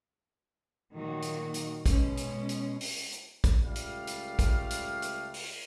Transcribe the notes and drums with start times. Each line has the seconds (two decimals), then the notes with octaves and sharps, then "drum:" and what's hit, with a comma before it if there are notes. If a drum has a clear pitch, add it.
0.94 A#2 D#3 F#3 A#3 F#4
1.22 drum: hi-hat
1.54 drum: hi-hat
1.86 B2 G#3 C#4, drum: kick, hi-hat
2.17 drum: hi-hat
2.49 drum: hi-hat
2.81 drum: open hi-hat
3.12 drum: hi-hat
3.44 drum: kick, hi-hat
3.64 C#2 G3 A3 F5
3.75 drum: hi-hat
4.07 drum: hi-hat
4.39 drum: kick, hi-hat
4.70 drum: hi-hat
5.02 drum: hi-hat
5.34 drum: open hi-hat